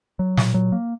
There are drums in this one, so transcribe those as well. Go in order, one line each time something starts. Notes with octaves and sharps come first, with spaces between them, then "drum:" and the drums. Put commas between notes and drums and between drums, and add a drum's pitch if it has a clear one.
F#3
A#2, drum: snare
F#3
A#3